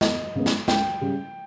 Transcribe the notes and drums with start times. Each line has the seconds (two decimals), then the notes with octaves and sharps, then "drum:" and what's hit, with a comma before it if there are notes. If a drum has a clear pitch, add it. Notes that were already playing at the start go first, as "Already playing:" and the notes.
0.01 E2 D#5, drum: snare
0.35 C#3 G#3 B3
0.46 drum: snare
0.68 C#2 G5, drum: snare
1.01 C#3 G3